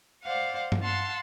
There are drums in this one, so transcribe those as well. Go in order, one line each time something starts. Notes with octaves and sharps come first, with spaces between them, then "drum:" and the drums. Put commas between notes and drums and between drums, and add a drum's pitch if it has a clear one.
C5 D5 F5 F#5
drum: tom G2
F5 F#5 A5 C6 E6